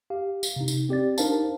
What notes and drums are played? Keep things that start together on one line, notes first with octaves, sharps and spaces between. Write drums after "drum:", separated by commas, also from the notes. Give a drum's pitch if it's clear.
G4 F5
drum: tambourine
C3 D#4
drum: tambourine
C4 G4 D5 A6
D4 D#4 A#4 C5 F5 A5, drum: tambourine